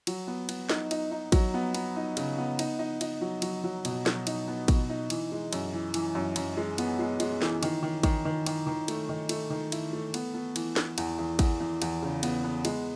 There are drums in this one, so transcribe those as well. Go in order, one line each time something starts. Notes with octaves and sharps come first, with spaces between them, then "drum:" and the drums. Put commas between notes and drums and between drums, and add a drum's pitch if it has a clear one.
F#3, drum: cymbal
B3
B3, drum: cymbal
D#4, drum: snare
D#4, drum: cymbal
D#4
F#3, drum: kick, cymbal
B3
B3, drum: cymbal
D#4
C#3, drum: cymbal
B3
D#4, drum: cymbal
D#4
D#4, drum: cymbal
F#3
F#3, drum: cymbal
F#3
B2, drum: cymbal
F#3, drum: snare
D#4, drum: cymbal
B3
B2, drum: kick, cymbal
D#4
E3, drum: cymbal
G#3
F#2, drum: cymbal
E3
E3, drum: cymbal
F#2
F#2, drum: cymbal
G#3
B3, drum: cymbal
G#3
G#3, drum: cymbal
E3, drum: snare
D#3, drum: cymbal
D#3
D#3, drum: kick, cymbal
D#3
D#3, drum: cymbal
D#3
A3, drum: cymbal
D#3
A3, drum: cymbal
D#3
E4, drum: cymbal
A3
B3, drum: cymbal
B3
E3, drum: cymbal
B3, drum: snare
E2, drum: cymbal
E2
E2, drum: kick, cymbal
E2
E2, drum: cymbal
C#3
B3, drum: cymbal
B3
G#3, drum: cymbal